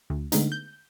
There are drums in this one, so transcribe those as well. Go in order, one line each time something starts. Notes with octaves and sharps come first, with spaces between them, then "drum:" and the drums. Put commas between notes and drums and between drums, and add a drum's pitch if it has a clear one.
D2
D3 G#3 A3 B3 D#4, drum: hi-hat
G6